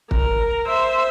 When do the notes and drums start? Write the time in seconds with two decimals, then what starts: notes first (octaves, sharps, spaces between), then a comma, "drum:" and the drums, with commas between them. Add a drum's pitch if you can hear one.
0.11 A#4, drum: kick
0.67 C5 E5